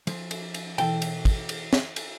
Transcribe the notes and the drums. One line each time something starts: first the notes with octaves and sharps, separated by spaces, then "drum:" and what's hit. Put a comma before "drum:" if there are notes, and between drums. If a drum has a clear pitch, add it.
F3, drum: cymbal
drum: cymbal
drum: cymbal
B2 E3 A4 G5, drum: cymbal
drum: cymbal
drum: kick, cymbal
drum: cymbal
drum: snare
drum: cymbal